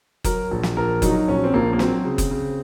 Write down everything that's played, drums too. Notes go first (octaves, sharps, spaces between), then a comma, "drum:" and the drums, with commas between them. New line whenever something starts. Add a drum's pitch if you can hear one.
F#3 A#4, drum: kick F#1, hi-hat
A#1
drum: snare
A#1 A#4
F#3 D#4, drum: kick F#1, hi-hat
A#1 C#4
C4
A#1 A#3
A#3
F#3 C4, drum: snare
C#3
drum: kick F#1, hi-hat
C#3